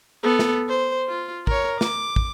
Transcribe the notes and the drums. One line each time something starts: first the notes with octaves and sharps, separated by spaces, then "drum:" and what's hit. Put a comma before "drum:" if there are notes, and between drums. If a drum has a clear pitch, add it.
B3 A4
drum: snare
C5
F4
A#4 C#5, drum: kick
D6, drum: snare
drum: kick